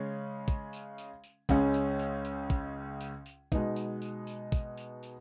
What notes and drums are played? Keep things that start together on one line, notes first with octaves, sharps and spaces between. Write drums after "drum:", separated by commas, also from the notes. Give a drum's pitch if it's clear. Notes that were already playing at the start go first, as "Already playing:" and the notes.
Already playing: C#3 G#3 C#4
drum: kick, tambourine
drum: tambourine
drum: tambourine
drum: tambourine
C#2 C#3 G#3 C#4, drum: kick, tambourine
drum: tambourine
drum: tambourine
drum: tambourine
drum: kick, tambourine
drum: tambourine
drum: tambourine
B2 G#3 B3 D#4, drum: kick, tambourine
drum: tambourine
drum: tambourine
drum: tambourine
drum: kick, tambourine
drum: tambourine
drum: tambourine